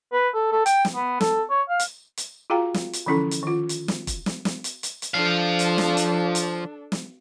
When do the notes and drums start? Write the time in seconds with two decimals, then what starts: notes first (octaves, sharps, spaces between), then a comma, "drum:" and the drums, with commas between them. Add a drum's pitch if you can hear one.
0.13 B4
0.34 A4
0.52 A4
0.66 G5, drum: hi-hat
0.85 drum: snare
0.95 B3
1.21 A4, drum: snare
1.50 C#5
1.69 F5
1.80 drum: hi-hat
2.17 drum: hi-hat
2.50 F4 F#4 G#4 F5 G5 A#5
2.74 drum: snare
2.93 drum: hi-hat
3.06 D3 E3 F3 C#4 E4 A4
3.31 drum: hi-hat
3.43 D#3 F4
3.69 drum: hi-hat
3.88 drum: snare
4.07 drum: kick E1, hi-hat
4.26 drum: snare
4.45 drum: snare
4.64 drum: hi-hat
4.83 drum: hi-hat
5.02 drum: hi-hat
5.14 F3 D4 A4 F5
5.59 drum: hi-hat
5.78 drum: snare
5.97 drum: hi-hat
6.35 drum: hi-hat
6.92 drum: snare